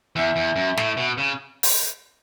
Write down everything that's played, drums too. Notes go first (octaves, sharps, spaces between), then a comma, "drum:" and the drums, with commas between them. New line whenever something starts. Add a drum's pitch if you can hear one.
E2 E5
E2
F#2
A2, drum: snare
B2
C#3
drum: open hi-hat